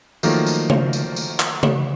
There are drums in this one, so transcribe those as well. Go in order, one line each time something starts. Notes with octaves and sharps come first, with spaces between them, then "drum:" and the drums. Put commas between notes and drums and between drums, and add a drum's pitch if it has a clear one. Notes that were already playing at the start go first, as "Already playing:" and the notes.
D#3 F3 F#3 A3 A#3, drum: tambourine
drum: tambourine
drum: tom C#3
drum: tambourine
drum: tambourine
drum: clap
drum: tom C#3